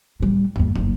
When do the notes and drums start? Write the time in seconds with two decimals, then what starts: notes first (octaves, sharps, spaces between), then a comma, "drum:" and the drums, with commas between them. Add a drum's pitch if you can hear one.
0.20 A2 G3
0.56 D#2 G3, drum: tom
0.76 F#1 D#4, drum: tom